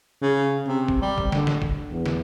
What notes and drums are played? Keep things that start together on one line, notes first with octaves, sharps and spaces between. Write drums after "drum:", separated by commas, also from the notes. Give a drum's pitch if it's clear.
C#3
C3
drum: kick G1
G3
drum: kick G1
D3, drum: snare
drum: snare
drum: kick G1
E2
drum: snare